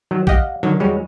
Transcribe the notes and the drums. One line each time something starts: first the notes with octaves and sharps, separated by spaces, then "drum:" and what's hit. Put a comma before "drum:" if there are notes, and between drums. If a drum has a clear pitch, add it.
D#3 F#3
G4 D#5 F5 F#5, drum: kick A#1
D3 D#3 F#3
E2 G3 G#3 F#4 C#5